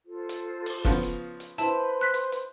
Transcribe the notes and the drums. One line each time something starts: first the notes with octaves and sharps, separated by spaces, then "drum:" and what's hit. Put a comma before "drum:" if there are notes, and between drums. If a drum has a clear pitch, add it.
F4 A4 C5
drum: hi-hat
drum: open hi-hat
C#3 F3 B3, drum: kick F1, hi-hat
drum: hi-hat
drum: hi-hat
E4 B4 C5 A5 C6, drum: hi-hat
F#6 B6
drum: hi-hat
drum: hi-hat